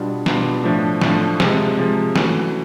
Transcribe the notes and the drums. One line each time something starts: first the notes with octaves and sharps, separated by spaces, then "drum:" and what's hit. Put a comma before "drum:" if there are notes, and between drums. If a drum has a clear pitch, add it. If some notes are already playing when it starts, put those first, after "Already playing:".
Already playing: B2 G3 B3 D4 F4
B2 G3 B3 D4 F4, drum: snare
A2 F3 A3 D4
A2 F3 A3 D4, drum: snare
C3 F3 G#3, drum: snare
C3 F3 G#3
E3 A3 C#4 F#4, drum: snare